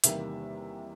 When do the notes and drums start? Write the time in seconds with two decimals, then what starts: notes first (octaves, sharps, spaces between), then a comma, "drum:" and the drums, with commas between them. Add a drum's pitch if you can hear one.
0.04 E2 C3 D#3 G3 A#3 E5, drum: hi-hat